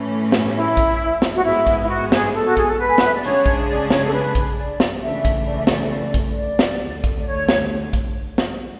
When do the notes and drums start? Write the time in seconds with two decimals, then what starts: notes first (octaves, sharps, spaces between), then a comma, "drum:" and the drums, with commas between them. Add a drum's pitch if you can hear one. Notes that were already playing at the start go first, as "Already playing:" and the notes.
Already playing: A2 E3 A3 C#4
0.32 drum: snare
0.55 E4
0.77 drum: kick A#1, hi-hat
1.22 drum: snare
1.36 F#4
1.44 G#2 G#3 B3 E4
1.67 drum: kick A#1, hi-hat
1.82 E4
1.88 F#4
2.12 G#4, drum: snare
2.34 A4
2.45 F#4
2.57 G#4, drum: kick A#1, hi-hat
2.68 A4
2.79 B4
2.88 G#5
2.98 F#5, drum: snare
3.06 E5
3.15 D5
3.23 C#3 G#3 D4 G#4 C#5
3.46 drum: kick A#1
3.60 C#5
3.68 D5
3.90 C#5, drum: snare
4.07 A4
4.12 B4
4.35 drum: kick A#1, hi-hat
4.58 D5
4.80 drum: snare
5.02 C#2 C#3 E3 A3 D4 E5
5.25 drum: kick A#1, hi-hat
5.47 D5
5.57 E5
5.67 D5, drum: snare
6.14 drum: kick A#1, hi-hat
6.37 D5
6.59 drum: snare
6.81 D2 D3 A3
7.04 drum: kick A#1, hi-hat
7.21 D5
7.26 C#5
7.49 drum: snare
7.93 drum: kick A#1, hi-hat
8.38 drum: snare